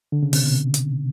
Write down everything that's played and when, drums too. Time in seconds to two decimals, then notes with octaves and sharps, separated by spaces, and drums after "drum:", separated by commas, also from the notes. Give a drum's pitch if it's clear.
0.12 D3
0.23 C#3
0.33 C3, drum: open hi-hat
0.44 B2
0.74 drum: hi-hat